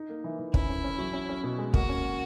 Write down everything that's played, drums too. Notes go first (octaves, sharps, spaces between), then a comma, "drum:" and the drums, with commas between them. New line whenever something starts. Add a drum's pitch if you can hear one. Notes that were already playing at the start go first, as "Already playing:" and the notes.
Already playing: D#4
A#3
E3
E3
C#4 E4, drum: kick
C#4
C#4
F#3
C#4
C#4
B2
G#3
A#3 F#4, drum: kick
C#4